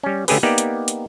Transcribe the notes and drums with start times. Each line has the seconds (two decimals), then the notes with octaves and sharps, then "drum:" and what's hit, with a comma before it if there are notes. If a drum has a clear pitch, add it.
0.03 G3 C#4
0.28 D3 A3 C#4 G4 G#4 B4, drum: open hi-hat
0.43 A#3 B3 D#4 G4 D5
0.58 drum: hi-hat
0.88 drum: hi-hat